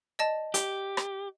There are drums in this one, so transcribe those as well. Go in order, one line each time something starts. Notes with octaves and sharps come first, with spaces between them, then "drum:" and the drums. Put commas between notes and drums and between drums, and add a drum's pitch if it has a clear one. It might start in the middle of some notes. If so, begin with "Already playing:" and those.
D5 D#5 A5
G4, drum: hi-hat
drum: rim click